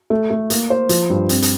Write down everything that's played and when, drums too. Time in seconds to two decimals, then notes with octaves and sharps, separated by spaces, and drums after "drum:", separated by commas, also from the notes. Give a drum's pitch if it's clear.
0.10 A3
0.30 A3
0.50 A#3, drum: hi-hat
0.70 C5
0.89 F3, drum: hi-hat
1.10 G2
1.29 C4, drum: hi-hat
1.42 drum: hi-hat